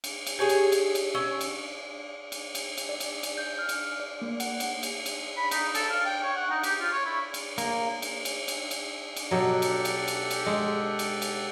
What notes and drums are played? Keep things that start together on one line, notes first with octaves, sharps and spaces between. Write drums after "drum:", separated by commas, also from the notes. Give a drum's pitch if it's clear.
drum: cymbal
drum: cymbal
G4 G#4 C#5 G#5
drum: cymbal
drum: cymbal
drum: cymbal
C#4 E6
drum: cymbal
drum: cymbal
drum: cymbal
drum: cymbal
D5
drum: cymbal
drum: cymbal
G6
F6
drum: cymbal
D5
A#3
F#5, drum: cymbal
drum: cymbal
drum: cymbal
drum: cymbal
B5
D#4, drum: cymbal
A4, drum: cymbal
F5
G5
C#5
F#5
D#4
G4, drum: cymbal
F4
C#5
E4
drum: cymbal
A#3, drum: cymbal
drum: cymbal
drum: cymbal
drum: cymbal
drum: cymbal
drum: cymbal
B2 F#3 G4 A4 F#5
drum: cymbal
drum: cymbal
drum: cymbal
drum: cymbal
G#3
drum: cymbal
drum: cymbal